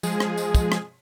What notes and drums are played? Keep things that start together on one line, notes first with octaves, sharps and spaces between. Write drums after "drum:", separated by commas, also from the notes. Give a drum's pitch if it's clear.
F3 G#3 G#4, drum: tambourine
drum: rim click
drum: tambourine
drum: kick, tambourine
drum: rim click